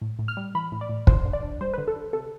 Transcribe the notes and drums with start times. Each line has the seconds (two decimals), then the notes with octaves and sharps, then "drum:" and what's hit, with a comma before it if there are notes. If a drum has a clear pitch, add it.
0.01 A2
0.19 A2
0.28 F6
0.37 G3
0.55 E3 B5
0.72 A2
0.81 D5
0.89 A2
1.07 D3 C5, drum: kick
1.25 D3
1.33 D5
1.43 D4
1.61 G3 C5
1.74 D3 B4
1.88 A4
1.96 D3
2.13 C3 A4